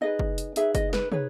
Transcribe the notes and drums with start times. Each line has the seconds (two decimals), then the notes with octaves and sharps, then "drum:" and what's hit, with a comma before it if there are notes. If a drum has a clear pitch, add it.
0.01 D#4 G#4 B4 D#5
0.19 drum: kick F#1
0.38 drum: hi-hat
0.56 D#4 G#4 B4 E5, drum: hi-hat
0.75 D#5, drum: kick F#1, hi-hat
0.93 B4, drum: snare
1.12 D#4 G#4 B4 C#5, drum: tom